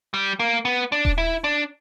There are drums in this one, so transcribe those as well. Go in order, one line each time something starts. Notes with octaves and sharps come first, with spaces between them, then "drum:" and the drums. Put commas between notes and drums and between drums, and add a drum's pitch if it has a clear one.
G3
A#3
B3
D4
drum: kick D#1
E4
D4